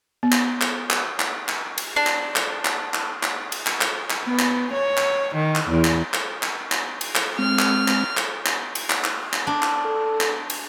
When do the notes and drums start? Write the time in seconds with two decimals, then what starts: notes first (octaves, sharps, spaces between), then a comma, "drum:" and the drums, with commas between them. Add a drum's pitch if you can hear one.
0.23 B3
0.32 drum: clap
0.61 drum: clap
0.90 drum: clap
1.20 drum: clap
1.49 drum: clap
1.78 drum: cymbal
1.96 D4
2.07 drum: clap
2.36 drum: clap
2.65 drum: clap
2.94 drum: clap
3.23 drum: clap
3.52 drum: cymbal
3.67 drum: clap
3.81 drum: clap
4.10 drum: clap
4.25 B3
4.39 drum: clap
4.73 C#5
4.97 drum: clap
5.35 D#3
5.56 drum: clap
5.69 E2
5.85 drum: clap
6.14 drum: clap
6.43 drum: clap
6.72 drum: clap
7.01 drum: cymbal
7.15 drum: clap
7.39 G#3 C4 F6
7.59 drum: clap
7.88 drum: clap
8.17 drum: clap
8.46 drum: clap
8.75 drum: cymbal
8.90 drum: clap
9.04 drum: clap
9.33 drum: clap
9.47 D4
9.63 drum: clap
9.85 A4
10.21 drum: clap
10.50 drum: cymbal